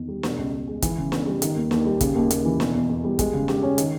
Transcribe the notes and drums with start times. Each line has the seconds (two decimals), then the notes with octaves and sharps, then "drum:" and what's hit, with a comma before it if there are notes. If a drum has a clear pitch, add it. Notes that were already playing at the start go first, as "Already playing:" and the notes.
Already playing: E2 D#3
0.08 G3
0.23 B2, drum: snare
0.38 C#2
0.53 C#2
0.67 G#3
0.82 E3, drum: kick, hi-hat
0.97 C#3
1.12 B3, drum: snare
1.27 G3
1.42 D#3, drum: hi-hat
1.56 D#2
1.71 D#2, drum: snare
1.86 G3
2.01 C#3, drum: kick, hi-hat
2.15 D#2
2.30 D#2, drum: hi-hat
2.45 E3
2.60 B2, drum: snare
2.74 E2
2.89 E2
3.04 G3
3.19 G#3, drum: kick, hi-hat
3.34 C#3
3.48 G4, drum: snare
3.63 C#4
3.78 D#3, drum: hi-hat